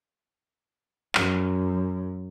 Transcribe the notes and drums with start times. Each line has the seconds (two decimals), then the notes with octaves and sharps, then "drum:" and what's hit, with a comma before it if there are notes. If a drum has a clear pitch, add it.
1.15 F#2, drum: clap